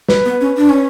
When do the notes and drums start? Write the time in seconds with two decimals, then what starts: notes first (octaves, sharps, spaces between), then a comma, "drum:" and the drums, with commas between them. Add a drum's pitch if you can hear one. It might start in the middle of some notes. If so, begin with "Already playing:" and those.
0.08 B4, drum: snare
0.25 B3
0.41 C#4
0.57 D4
0.69 C#4